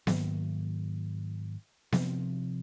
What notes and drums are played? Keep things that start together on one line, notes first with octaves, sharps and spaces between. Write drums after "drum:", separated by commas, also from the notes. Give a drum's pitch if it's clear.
G#2 D#3 F#3 A#3, drum: snare B3
C3 F3 C4, drum: snare B3